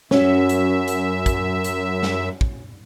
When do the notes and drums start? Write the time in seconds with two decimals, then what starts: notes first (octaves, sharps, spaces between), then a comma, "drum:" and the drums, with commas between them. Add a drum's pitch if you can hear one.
0.11 F#2 C#4 F#4 E5, drum: snare
0.49 drum: hi-hat
0.88 drum: hi-hat
1.26 drum: kick, hi-hat
1.64 drum: hi-hat
2.03 drum: snare
2.41 drum: kick